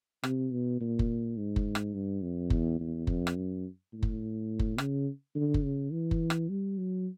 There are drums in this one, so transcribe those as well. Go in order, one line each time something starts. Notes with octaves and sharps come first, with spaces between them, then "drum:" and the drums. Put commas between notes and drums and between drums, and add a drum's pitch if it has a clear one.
C3, drum: rim click
B2
A#2
drum: kick F#1
G#2
drum: kick F#1
drum: rim click
G2
F2
E2, drum: kick F#1
E2
F2, drum: kick F#1
drum: rim click
F#2
A2
drum: kick F#1
drum: kick F#1
C#3, drum: rim click
D3
drum: kick F#1
C#3
E3
drum: kick F#1
drum: rim click
G3
F#3